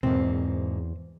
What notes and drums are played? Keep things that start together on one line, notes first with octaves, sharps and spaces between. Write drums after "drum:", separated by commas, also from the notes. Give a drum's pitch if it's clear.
E2 G#2 B2 A#3 C4, drum: tom A#2